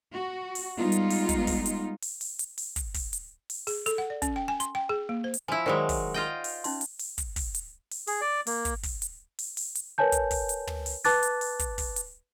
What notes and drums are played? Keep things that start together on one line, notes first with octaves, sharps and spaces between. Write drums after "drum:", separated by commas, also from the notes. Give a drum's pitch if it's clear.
F#4
drum: open hi-hat
G3 G#3 B3 D#4 F4
drum: hi-hat
drum: open hi-hat
drum: kick, hi-hat
drum: kick, open hi-hat
drum: hi-hat
drum: open hi-hat
drum: open hi-hat
drum: hi-hat
drum: open hi-hat
drum: kick, hi-hat
drum: kick, open hi-hat
drum: hi-hat
drum: open hi-hat
G#4, drum: open hi-hat
A4, drum: hi-hat
F#5
D5
C#4, drum: kick, hi-hat
G5
G#5
C6, drum: hi-hat
G5
G#4
A#3
C5
drum: hi-hat
F3 E4 G#5
D#3 F#3 G#3 C5 D5 B5
drum: kick, open hi-hat
F4 D#5 G5
drum: open hi-hat
C#4 D#4 C6, drum: open hi-hat
drum: hi-hat
drum: open hi-hat
drum: kick, hi-hat
drum: kick, open hi-hat
drum: hi-hat
drum: open hi-hat
G#4, drum: open hi-hat
D5
A#3, drum: open hi-hat
drum: kick, hi-hat
drum: kick, open hi-hat
drum: hi-hat
drum: open hi-hat
drum: open hi-hat
drum: hi-hat
A#4 B4 C#5 G#5 A5 G6
drum: kick, hi-hat
drum: kick, open hi-hat
drum: hi-hat
drum: tom
drum: open hi-hat
B4 A5 D6 F#6 A6, drum: open hi-hat
drum: hi-hat
drum: open hi-hat
drum: kick, hi-hat
drum: kick, open hi-hat
drum: hi-hat